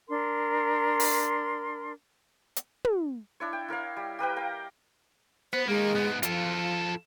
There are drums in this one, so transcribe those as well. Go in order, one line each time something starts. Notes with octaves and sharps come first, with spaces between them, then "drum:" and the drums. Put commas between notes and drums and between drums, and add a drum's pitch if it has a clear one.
D4 A#4 C6
drum: open hi-hat
drum: hi-hat
drum: tom
D4 E4 C#5
G5
E4 A#4 C#5 F5
G3
G4 A#4 B4 G5
F5 G5 A#5
B3 C5
G#3 A#3 D#4
G#2 B3
F3 F4 A4, drum: hi-hat